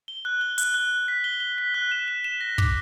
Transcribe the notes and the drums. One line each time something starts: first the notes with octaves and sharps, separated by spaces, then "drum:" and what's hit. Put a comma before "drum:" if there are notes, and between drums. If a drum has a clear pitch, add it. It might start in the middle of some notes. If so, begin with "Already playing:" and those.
G7
F#6
G7
F#6, drum: hi-hat
F#6
F#6
B6
G7
G7
B6
F#6
E7
E7
E7
A#6
D6, drum: kick